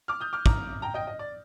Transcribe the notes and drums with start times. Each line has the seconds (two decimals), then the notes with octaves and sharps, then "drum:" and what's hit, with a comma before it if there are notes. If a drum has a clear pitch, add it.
0.08 D6 F6
0.21 D#6 G6
0.33 D6 F6
0.46 A#5 D6, drum: kick
0.82 G5 A#5
0.94 D#5 G5
1.07 D#5
1.19 D5